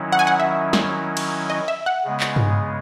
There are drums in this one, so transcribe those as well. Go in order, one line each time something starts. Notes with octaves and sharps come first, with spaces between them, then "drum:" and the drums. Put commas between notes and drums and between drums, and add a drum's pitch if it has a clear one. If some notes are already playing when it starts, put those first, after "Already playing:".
Already playing: D#3 F#3 C#4 E4
F#5
G#5
F#5
E5
drum: snare
drum: cymbal
D#5
E5
F#5
C#3 G#3 B3
drum: clap
drum: tom G2